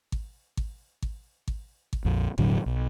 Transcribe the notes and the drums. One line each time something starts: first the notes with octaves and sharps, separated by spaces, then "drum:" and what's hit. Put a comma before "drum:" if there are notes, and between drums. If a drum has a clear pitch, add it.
drum: kick G#1
drum: kick G#1
drum: kick G#1
drum: kick G#1
drum: kick G#1
A#1 F2
E1 A2 D3 F#3, drum: kick G#1
B1